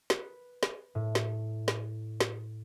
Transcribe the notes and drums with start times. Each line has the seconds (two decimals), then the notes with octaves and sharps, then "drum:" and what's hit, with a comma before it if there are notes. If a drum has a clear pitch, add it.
0.10 B4, drum: snare
0.63 drum: snare
0.95 A2
1.15 drum: snare
1.68 drum: snare
2.20 drum: snare